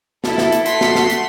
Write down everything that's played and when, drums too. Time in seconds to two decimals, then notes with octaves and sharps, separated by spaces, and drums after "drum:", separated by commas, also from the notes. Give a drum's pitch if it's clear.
0.24 E4 A4, drum: snare
0.38 drum: snare
0.52 drum: hi-hat
0.66 A3 F#4 C6 B6, drum: hi-hat
0.81 drum: snare
0.95 drum: snare
1.10 drum: hi-hat